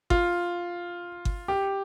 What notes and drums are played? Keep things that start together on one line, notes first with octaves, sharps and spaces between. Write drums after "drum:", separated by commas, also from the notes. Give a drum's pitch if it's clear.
F4, drum: kick G1
drum: kick G1
G4